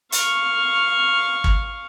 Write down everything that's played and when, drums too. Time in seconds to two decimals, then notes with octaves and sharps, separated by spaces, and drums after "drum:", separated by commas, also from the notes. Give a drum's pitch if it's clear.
0.12 F5 C#6, drum: hi-hat
1.44 drum: kick